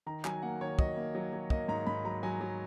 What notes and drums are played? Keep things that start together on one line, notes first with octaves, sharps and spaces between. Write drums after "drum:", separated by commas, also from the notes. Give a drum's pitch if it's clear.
D#3 A#5
F#3 G#5, drum: clap
A#3 F#5
D#3 C#5
F#3 D#5, drum: kick
A#3
F#3
F#3
A#3 D#5, drum: kick
G#2 A#5
G#2 B5
F#3 A#5
F#3 G#5
F#3